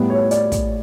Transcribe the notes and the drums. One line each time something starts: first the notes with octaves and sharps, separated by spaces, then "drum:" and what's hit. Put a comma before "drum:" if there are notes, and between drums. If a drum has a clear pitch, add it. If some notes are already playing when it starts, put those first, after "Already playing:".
Already playing: A2 G3 B3
C#5
D5, drum: hi-hat
drum: kick, hi-hat